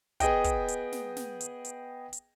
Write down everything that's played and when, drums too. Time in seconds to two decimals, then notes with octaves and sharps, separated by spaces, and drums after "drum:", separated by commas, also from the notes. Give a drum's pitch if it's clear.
0.20 B3 G#4 D#5 G5, drum: kick, hi-hat
0.44 drum: kick, hi-hat
0.68 drum: hi-hat
0.92 drum: snare
1.16 drum: snare
1.41 drum: hi-hat
1.65 drum: hi-hat
2.13 drum: hi-hat